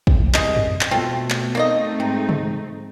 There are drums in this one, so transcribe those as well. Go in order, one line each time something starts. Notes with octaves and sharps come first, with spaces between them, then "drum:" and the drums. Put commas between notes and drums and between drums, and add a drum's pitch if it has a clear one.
drum: kick
C2 G#3 D#5, drum: clap
drum: tom F2
drum: clap
B2 A3 C4 F4 A4
drum: clap
A3 A#3 C4 D#4 D5 D#5
G#2 C3
drum: tom C3